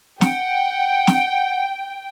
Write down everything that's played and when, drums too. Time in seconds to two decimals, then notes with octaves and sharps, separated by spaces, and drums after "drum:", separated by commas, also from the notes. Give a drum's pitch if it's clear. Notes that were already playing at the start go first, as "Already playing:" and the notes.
0.21 F#5 G5, drum: snare
1.07 drum: snare